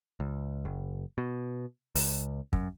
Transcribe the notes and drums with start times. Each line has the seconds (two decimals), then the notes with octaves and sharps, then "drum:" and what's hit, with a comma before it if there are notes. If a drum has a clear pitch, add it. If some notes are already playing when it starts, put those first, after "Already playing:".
0.20 C#2
0.65 F#1
1.18 B2
1.95 C#2, drum: open hi-hat
2.53 F#2, drum: kick